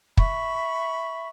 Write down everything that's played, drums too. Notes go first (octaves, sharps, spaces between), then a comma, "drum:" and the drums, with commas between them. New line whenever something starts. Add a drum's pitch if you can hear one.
E5 B5 C#6, drum: kick